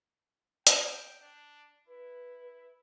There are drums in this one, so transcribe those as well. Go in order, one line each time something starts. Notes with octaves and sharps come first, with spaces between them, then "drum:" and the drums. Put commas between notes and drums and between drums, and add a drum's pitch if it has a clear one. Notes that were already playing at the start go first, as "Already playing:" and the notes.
G5, drum: hi-hat
D4
E4 B4